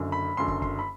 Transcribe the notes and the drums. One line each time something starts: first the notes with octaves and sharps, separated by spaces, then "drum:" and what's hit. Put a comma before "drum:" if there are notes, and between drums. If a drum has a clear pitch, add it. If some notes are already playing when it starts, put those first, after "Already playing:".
Already playing: F#1 F#2 D3
B5
F#1 F#2 D3 C6
drum: kick
C6, drum: kick
B5